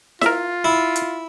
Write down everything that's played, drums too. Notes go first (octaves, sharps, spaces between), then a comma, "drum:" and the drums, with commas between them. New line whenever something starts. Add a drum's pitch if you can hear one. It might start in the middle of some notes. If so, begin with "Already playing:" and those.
F4 A#4 E5, drum: snare E4
E4
drum: hi-hat